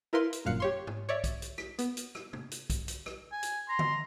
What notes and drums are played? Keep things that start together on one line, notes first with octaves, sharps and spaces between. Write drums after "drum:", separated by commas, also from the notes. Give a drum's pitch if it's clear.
E4 A#4 B4 F5 C6
drum: hi-hat
G1 F#2 A#2 F5 F#6 C#7
G4 C#5 C6
drum: tom G#2
C#5 D5 E5
drum: kick, hi-hat
drum: hi-hat
B6, drum: rim click
B3, drum: hi-hat
drum: hi-hat
drum: rim click
drum: tom
drum: hi-hat
drum: kick, hi-hat
drum: hi-hat
drum: rim click
G#5
drum: hi-hat
A#5 C6
drum: tom D3